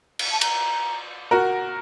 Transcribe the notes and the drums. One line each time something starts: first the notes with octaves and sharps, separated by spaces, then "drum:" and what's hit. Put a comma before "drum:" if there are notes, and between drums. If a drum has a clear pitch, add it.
drum: cymbal
A5
A#5, drum: cymbal
F#4 A#4